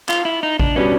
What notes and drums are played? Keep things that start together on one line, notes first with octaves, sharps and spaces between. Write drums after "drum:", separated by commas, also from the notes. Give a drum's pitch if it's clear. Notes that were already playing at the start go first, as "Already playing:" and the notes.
F4, drum: clap
E4
D#4
D4, drum: kick A1
B2 G3 B3 C#4 D4